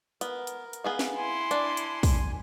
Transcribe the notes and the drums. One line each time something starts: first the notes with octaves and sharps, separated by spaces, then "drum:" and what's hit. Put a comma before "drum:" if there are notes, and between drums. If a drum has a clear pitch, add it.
B3 A#4, drum: hi-hat
drum: hi-hat
drum: hi-hat
B3 G#4 F5
drum: snare
E4 G#5 C6
D4, drum: hi-hat
drum: hi-hat
drum: kick, open hi-hat